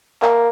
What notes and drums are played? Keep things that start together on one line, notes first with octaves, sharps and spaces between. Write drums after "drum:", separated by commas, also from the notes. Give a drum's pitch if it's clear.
A#3, drum: clap